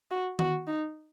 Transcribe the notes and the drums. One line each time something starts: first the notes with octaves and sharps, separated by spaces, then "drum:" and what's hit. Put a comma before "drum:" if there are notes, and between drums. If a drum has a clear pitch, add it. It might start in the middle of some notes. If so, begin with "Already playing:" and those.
F#4
F#4, drum: tom D#3
D#4